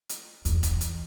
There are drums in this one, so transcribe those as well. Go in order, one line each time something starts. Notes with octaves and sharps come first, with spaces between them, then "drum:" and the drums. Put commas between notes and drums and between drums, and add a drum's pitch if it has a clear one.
drum: hi-hat
E2, drum: hi-hat
drum: kick, hi-hat
drum: hi-hat